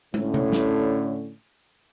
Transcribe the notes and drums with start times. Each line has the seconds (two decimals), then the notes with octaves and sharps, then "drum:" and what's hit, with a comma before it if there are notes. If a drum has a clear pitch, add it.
0.14 A2 D3 C#4, drum: tom
0.34 drum: tom C3
0.52 drum: snare